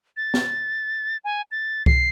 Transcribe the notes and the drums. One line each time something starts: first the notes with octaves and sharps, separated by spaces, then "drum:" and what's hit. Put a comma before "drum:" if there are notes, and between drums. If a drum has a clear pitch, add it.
A6
drum: snare
G#5
A6
C7, drum: kick C2